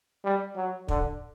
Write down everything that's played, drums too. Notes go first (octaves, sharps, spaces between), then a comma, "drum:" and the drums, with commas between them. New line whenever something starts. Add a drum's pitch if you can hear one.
G3
F#3
D3, drum: kick